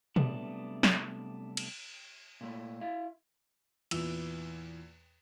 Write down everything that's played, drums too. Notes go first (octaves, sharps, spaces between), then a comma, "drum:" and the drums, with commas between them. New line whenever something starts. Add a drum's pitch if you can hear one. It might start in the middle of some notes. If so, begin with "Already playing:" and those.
C3 F#3 G3 A3 B3 D4, drum: tom
drum: snare
drum: cymbal
A#2 A3
E4 F5
E2 A#2 E3 E6, drum: cymbal